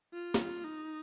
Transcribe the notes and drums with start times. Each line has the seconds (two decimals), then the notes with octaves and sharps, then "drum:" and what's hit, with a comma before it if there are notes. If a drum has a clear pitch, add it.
0.13 F4
0.34 drum: snare
0.65 D#4